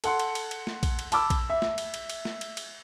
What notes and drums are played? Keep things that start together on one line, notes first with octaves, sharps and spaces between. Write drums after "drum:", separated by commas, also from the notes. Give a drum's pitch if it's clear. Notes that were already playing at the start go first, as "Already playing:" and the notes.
A4 F#5 C6, drum: cymbal
drum: cymbal
drum: cymbal
drum: cymbal
drum: snare
drum: kick A#1, cymbal
drum: cymbal
A5 B5 D6 E6, drum: cymbal
drum: kick A#1, cymbal
E5
drum: snare
drum: cymbal
drum: cymbal
drum: cymbal
drum: snare
drum: cymbal
drum: cymbal